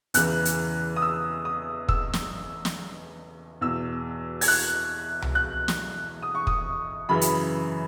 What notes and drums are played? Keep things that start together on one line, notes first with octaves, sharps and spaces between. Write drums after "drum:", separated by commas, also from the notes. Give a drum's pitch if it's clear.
E2 C#3 E3 F#6, drum: hi-hat
drum: hi-hat
D#6
E6
D#6
E6, drum: kick
drum: snare
drum: snare
E2 B2 E6
G#6, drum: open hi-hat
F#6
drum: tom C2
F#6
drum: snare
D#6
C#6
D#6, drum: kick
F#2 C#3 E3 B5
drum: hi-hat